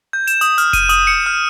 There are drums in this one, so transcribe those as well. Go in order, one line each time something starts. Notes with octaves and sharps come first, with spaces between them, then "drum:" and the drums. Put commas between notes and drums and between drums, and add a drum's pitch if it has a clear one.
G6
E7, drum: hi-hat
D#6, drum: hi-hat
F6, drum: hi-hat
D#7, drum: kick F1, hi-hat
D#6, drum: hi-hat
C#7
F6